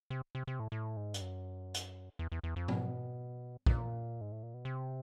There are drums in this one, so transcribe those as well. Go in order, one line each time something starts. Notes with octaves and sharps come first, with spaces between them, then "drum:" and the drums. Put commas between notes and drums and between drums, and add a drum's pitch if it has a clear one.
C3
C3
C3
A2
A2
G#2
G2, drum: hi-hat
F#2
drum: hi-hat
E2
E2
E2
F2
B2, drum: tom
A#2, drum: kick
G#2
A2
A#2
B2
C3